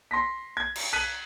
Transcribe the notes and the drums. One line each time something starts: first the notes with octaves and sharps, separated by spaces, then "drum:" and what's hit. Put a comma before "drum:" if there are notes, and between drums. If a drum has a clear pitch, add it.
C6 A#6 B6
G#6
drum: cymbal
F#6 B6 D#7